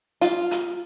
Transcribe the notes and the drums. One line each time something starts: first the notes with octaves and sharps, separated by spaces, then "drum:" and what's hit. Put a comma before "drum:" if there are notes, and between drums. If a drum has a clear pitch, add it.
F4, drum: hi-hat
drum: hi-hat